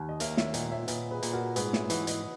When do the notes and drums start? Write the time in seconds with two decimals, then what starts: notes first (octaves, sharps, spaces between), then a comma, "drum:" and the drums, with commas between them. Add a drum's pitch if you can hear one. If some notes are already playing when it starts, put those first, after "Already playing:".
Already playing: D#2
0.09 D#5
0.20 A#3 C#5 E5, drum: hi-hat
0.37 C#5 E5, drum: snare
0.54 A#2 D#5 F#5, drum: hi-hat
0.71 C#5 E5
0.88 A#2 B4 D#5, drum: hi-hat
1.11 G#4 B4
1.23 A#2, drum: hi-hat
1.33 F#4 A#4
1.56 G#2 G#4 B4, drum: hi-hat
1.73 C#5 E5, drum: snare
1.90 E3 D#5 F#5, drum: hi-hat
2.07 B4 D#5, drum: hi-hat